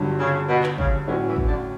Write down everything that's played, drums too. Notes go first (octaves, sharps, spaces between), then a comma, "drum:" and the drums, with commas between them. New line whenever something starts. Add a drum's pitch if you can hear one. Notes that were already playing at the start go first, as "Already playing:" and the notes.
Already playing: G1 G2 F#3
C#3
B2
drum: clap
C#3, drum: kick
D2 A2 D3 F#3 C#4 F#4
E2 E3
drum: kick
D3 D4